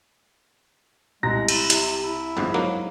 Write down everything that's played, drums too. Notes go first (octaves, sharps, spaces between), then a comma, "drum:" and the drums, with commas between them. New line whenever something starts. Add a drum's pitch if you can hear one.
C2 G#3 A#5 A#6
E4, drum: cymbal
C3, drum: hi-hat
E4
G1 F2 G#2
G#2 F#3 A#3